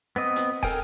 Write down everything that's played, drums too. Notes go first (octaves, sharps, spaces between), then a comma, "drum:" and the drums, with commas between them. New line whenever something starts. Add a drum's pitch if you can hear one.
B3 C4 D#5 D#6
drum: hi-hat
A4 A#4 G5 G#5, drum: kick, open hi-hat